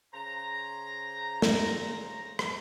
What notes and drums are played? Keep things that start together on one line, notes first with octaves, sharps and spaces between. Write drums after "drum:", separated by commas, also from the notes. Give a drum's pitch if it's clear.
C#3 C5 A#5
drum: snare
drum: rim click